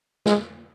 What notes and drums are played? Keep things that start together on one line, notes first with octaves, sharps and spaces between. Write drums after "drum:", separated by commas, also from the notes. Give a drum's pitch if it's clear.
G#3, drum: snare